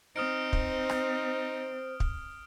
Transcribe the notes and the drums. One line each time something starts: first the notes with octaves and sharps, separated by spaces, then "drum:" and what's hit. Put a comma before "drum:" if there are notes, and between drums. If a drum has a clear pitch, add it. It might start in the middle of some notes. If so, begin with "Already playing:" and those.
C4 D#4 C5 D#6 F6 D7
drum: kick
drum: rim click
drum: kick